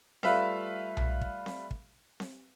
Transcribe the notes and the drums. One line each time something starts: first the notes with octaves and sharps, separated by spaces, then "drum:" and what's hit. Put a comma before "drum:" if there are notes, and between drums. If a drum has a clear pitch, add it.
G3 A3 F4 B4 E5 F5, drum: snare C4
drum: tom B1
drum: kick
drum: snare C4
drum: kick
drum: snare C4